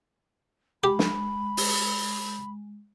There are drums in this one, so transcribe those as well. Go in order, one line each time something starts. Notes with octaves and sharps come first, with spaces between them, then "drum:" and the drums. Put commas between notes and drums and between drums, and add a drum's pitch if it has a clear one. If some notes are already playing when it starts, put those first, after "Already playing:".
G#3 G4 B5
drum: snare
drum: open hi-hat